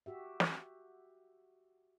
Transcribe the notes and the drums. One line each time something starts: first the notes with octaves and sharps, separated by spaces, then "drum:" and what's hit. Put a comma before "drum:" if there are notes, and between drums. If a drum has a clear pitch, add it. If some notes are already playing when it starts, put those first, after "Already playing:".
F#4 G4 E5
drum: snare